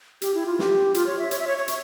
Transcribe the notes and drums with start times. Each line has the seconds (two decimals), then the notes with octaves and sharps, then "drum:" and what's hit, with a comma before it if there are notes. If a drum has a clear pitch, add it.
0.22 G4, drum: hi-hat
0.34 E4
0.46 F4
0.59 G4, drum: snare
0.94 F4, drum: hi-hat
1.06 C#5
1.19 E5
1.31 C#5, drum: hi-hat
1.39 E5
1.47 C#5
1.58 C#5
1.68 drum: hi-hat